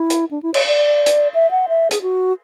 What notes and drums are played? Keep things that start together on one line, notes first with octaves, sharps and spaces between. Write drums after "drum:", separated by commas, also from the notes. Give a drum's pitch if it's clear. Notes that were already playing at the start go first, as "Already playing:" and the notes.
Already playing: E4
drum: hi-hat
D4
E4
C#5, drum: cymbal
D5
drum: hi-hat
E5
F#5
E5
G#4, drum: hi-hat
F#4